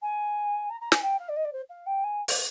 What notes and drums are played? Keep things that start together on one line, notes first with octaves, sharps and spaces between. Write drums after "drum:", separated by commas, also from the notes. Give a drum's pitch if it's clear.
G#5
A#5
A#5
G#5, drum: snare
G5
F5
D5
D#5
D5
C5
F5
G5
G#5
drum: open hi-hat